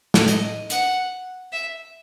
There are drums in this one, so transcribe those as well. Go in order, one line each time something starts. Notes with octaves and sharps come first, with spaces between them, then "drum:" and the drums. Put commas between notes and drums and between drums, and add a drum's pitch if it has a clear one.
drum: snare
D#5, drum: hi-hat
F#5, drum: hi-hat
E5